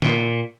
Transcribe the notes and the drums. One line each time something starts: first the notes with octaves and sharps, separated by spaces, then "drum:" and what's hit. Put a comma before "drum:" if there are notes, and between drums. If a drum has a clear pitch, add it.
A#2, drum: snare